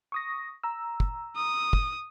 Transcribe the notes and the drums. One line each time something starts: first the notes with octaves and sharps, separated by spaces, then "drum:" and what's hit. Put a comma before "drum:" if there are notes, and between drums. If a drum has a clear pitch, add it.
C#6 D#6 A#6
A#5 E6
drum: kick
D#6
drum: kick